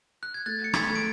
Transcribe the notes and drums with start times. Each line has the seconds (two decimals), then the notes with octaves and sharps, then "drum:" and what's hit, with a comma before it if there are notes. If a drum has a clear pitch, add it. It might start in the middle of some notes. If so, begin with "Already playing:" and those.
0.23 F#6
0.34 G#6
0.46 A3 F#6 A6
0.64 C#7
0.74 G#6 B6, drum: rim click
0.88 A3
0.95 D7